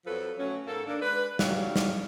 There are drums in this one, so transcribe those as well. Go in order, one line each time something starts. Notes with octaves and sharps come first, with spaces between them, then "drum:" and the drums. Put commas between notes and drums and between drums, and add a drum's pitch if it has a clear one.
F2 F3 F#3 A4 B4
B2 F#3 A3 C#4
G#2 A#3 A4
D#3 A#3 D4
G#3 D4 B4
A2 C#3 F#3 G3 F5, drum: snare
drum: snare